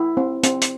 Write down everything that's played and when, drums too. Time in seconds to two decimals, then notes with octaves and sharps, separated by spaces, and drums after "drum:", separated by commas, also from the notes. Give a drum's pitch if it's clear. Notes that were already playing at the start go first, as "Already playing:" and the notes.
Already playing: E4
0.17 C4
0.43 C4, drum: hi-hat
0.61 drum: hi-hat